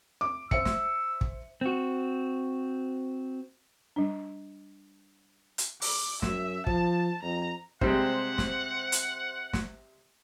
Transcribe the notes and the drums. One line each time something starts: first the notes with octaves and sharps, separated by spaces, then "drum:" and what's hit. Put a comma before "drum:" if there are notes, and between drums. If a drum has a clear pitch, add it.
D6
C5 E5 E6 C#7, drum: kick
drum: snare
drum: kick
C4 F#4
G3 D4
drum: hi-hat
D6, drum: open hi-hat
F#2 E5, drum: snare
F3 A5, drum: kick
F2 A#5
C3 G3 G#3 C5 F#5, drum: kick
drum: snare
drum: hi-hat
drum: snare